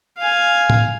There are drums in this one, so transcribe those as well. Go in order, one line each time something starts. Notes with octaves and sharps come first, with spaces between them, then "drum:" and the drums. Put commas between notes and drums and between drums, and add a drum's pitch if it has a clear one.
F5 G#5
drum: tom